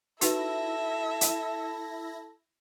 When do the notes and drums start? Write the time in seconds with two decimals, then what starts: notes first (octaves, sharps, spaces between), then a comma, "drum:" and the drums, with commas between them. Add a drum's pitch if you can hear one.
0.21 D#4 E4 F#4 A4 B4 E5 A#6, drum: hi-hat
1.21 drum: hi-hat